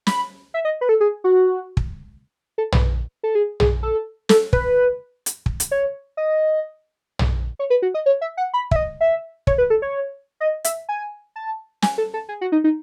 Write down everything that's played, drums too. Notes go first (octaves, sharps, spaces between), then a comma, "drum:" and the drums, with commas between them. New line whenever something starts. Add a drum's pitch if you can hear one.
B5, drum: snare
E5
D#5
B4
A4
G#4
F#4
drum: kick
A4
B4, drum: tom
A4
G#4
G#4, drum: tom
A4
A4, drum: snare
B4, drum: kick
drum: hi-hat
drum: kick
drum: hi-hat
C#5
D#5
drum: tom
C#5
B4
F#4
D#5
C#5
E5
F#5
B5
E5, drum: kick
D#5
E5
C#5, drum: kick
B4
A4
C#5
D#5
E5, drum: hi-hat
G#5
A5
G#5, drum: snare
A4
A4
G#4
F#4
D#4
D#4